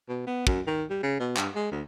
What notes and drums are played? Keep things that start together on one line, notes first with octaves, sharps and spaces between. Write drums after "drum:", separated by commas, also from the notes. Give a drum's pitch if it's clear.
B2
B3
F#2, drum: kick
D#3
G3
C#3
B2
G2, drum: clap
G#3
D2